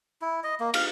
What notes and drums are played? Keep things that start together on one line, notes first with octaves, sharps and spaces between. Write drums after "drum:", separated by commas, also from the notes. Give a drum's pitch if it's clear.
E4
D#5
A#3
F5, drum: cymbal